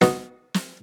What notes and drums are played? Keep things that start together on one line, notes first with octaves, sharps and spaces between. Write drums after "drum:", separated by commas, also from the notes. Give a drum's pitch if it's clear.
B3 D#4 F#4 D#5, drum: snare
drum: snare